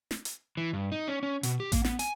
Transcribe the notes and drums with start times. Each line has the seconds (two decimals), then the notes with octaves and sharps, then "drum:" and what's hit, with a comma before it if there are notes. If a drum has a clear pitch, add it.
0.11 drum: snare
0.25 drum: hi-hat
0.57 E3
0.73 G2
0.92 D#4
1.08 C#4
1.23 C#4
1.43 B2, drum: hi-hat
1.60 G4
1.72 A#3, drum: kick A1, hi-hat
1.84 B3, drum: snare
1.99 G#5, drum: hi-hat